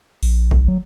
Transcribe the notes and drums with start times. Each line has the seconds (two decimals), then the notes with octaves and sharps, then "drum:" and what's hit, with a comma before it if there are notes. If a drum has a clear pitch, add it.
0.23 A#1, drum: open hi-hat
0.51 B1, drum: kick
0.68 F#3